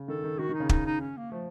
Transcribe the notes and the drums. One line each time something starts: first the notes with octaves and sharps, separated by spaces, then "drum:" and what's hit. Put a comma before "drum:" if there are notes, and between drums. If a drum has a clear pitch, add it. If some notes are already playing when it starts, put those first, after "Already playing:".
Already playing: C#3
D#3 A4
D#3
D#3 F#4
D#3
D#4
C#3
D#4, drum: kick
D#4
C#4
A#3
F3 A3